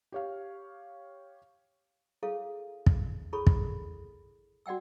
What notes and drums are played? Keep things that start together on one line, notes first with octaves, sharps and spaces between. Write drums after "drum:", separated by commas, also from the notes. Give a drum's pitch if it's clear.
G4 C#5 F5
E4 G#4 A4 C#5 F5
drum: kick
E4 G#4 A4 C#5 B5 C#6
drum: kick
F#4 D5 F#5 G5 E6